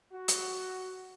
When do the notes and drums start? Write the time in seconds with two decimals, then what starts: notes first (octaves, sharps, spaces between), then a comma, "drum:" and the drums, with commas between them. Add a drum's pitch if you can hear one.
0.12 F#4
0.28 drum: hi-hat